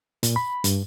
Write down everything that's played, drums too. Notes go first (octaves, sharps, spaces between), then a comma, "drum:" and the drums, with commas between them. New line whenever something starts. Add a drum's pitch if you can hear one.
A#2, drum: hi-hat
B5
G2, drum: hi-hat